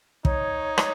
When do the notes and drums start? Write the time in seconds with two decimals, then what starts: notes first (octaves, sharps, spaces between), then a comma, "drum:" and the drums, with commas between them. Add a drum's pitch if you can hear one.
0.25 D#4 C#5, drum: kick
0.78 drum: rim click